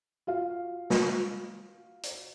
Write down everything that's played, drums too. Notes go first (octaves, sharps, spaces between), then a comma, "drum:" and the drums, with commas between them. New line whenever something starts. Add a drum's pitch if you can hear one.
F4 F#4 F5
drum: snare
drum: hi-hat